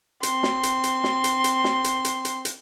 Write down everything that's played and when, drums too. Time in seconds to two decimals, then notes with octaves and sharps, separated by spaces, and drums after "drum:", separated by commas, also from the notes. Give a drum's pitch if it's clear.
0.23 C4 C6, drum: hi-hat
0.43 drum: snare
0.63 drum: hi-hat
0.84 drum: hi-hat
1.04 drum: snare
1.24 drum: hi-hat
1.44 drum: hi-hat
1.64 drum: snare
1.84 drum: hi-hat
2.05 drum: hi-hat
2.25 drum: hi-hat
2.45 drum: hi-hat